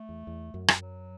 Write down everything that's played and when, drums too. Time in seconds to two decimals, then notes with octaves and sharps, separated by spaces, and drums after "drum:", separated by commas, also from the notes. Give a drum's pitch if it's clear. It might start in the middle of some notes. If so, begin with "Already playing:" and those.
Already playing: A3
0.09 E2
0.27 E2
0.54 F#2
0.68 drum: rim click
0.82 F#3